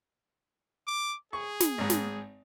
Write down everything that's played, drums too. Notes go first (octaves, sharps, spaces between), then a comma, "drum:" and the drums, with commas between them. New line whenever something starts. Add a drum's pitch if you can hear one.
D6
G#4 C#6
drum: snare
G#1 G#2
drum: snare